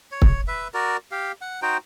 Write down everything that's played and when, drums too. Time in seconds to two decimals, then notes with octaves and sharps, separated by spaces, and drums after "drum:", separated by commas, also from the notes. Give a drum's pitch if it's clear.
0.12 C#5
0.22 drum: kick
0.48 B4 E5
0.74 F#4 A#4 D5
1.11 G4 F5
1.42 F#5
1.62 D#4 F#4 C5 G5